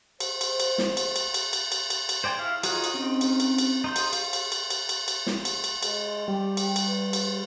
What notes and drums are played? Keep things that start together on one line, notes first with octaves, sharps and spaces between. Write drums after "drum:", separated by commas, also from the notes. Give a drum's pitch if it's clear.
C5, drum: cymbal
drum: cymbal
drum: cymbal
drum: snare
drum: cymbal
drum: cymbal
drum: cymbal
drum: cymbal
drum: cymbal
drum: cymbal
drum: cymbal
C5 D5 G5 G#5
E4 F5
D#4 F4 F#4 G#4 F#5, drum: cymbal
drum: cymbal
C4 C#4 D#4
drum: cymbal
drum: cymbal
drum: cymbal
D#4 C6 G6
drum: cymbal
F5, drum: cymbal
drum: cymbal
drum: cymbal
drum: cymbal
drum: cymbal
drum: cymbal
drum: snare
drum: cymbal
drum: cymbal
G#3, drum: cymbal
G3 G4
drum: cymbal
drum: cymbal
B4
drum: cymbal